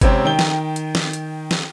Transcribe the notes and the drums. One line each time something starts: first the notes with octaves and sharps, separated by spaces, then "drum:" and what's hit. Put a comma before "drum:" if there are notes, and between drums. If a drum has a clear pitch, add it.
G#1 C3 C4 C#4 G5, drum: kick G1, hi-hat
D#3 G5 G7
drum: snare
drum: hi-hat
drum: snare
drum: hi-hat
drum: snare